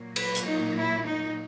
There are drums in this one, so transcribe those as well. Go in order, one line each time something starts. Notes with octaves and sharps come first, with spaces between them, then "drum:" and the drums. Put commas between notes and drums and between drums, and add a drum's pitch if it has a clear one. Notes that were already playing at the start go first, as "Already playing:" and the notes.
Already playing: A#2 F#3 A#3
B4, drum: cymbal
drum: hi-hat
D#4
E4
D#4